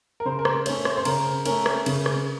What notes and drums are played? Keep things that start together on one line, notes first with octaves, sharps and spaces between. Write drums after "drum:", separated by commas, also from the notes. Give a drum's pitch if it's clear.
A#4
C#3 C5
A#4
C5, drum: rim click
A3 C#4 C#5, drum: cymbal
C5, drum: rim click
C5
C#3 A#4, drum: cymbal
A3 C#4 A#4, drum: cymbal
drum: rim click
C#3, drum: cymbal
drum: rim click